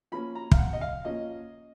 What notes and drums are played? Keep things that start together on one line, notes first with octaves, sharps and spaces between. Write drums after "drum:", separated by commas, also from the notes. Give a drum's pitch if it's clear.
F3 A#3 C#4 B5
A#5
F5, drum: kick
F#5
D#5
F5
F3 A#3 C#4 D#5